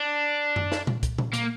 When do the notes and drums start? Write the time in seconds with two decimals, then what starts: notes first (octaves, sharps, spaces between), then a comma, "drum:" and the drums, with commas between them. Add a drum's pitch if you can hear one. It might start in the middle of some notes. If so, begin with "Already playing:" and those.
Already playing: D4
0.56 drum: tom F#2
0.72 drum: snare
0.87 drum: tom A#2
1.03 drum: kick C2, hi-hat
1.18 drum: tom A#2
1.34 A#3, drum: hi-hat